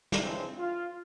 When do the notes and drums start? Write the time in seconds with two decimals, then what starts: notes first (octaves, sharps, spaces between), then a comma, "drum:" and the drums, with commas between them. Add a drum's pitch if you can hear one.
0.12 drum: snare
0.21 C#3 E3 F3 G#3 C4 D4
0.58 F4